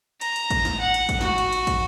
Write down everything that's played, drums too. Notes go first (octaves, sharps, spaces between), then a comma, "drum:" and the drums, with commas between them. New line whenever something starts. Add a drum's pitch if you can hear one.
A#5, drum: cymbal
drum: cymbal
drum: kick, cymbal
drum: snare
F#5
drum: cymbal
drum: kick, cymbal
F#4, drum: snare
drum: cymbal
drum: cymbal
drum: kick, cymbal